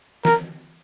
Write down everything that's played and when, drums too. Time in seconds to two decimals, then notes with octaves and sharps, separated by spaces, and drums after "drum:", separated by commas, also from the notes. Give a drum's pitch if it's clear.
0.25 A#4, drum: snare E3